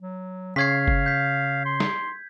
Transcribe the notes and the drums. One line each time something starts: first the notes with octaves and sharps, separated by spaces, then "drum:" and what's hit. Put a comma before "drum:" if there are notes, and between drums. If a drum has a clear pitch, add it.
F#3
C#3 C#5 F5 G#6 B6 C7
drum: kick F#1
G6 B6
C6
drum: snare